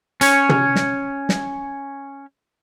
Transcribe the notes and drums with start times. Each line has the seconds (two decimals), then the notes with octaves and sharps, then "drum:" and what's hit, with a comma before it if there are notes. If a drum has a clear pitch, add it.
0.21 C#4 C#5, drum: hi-hat
0.49 drum: tom
0.76 drum: snare
1.29 drum: snare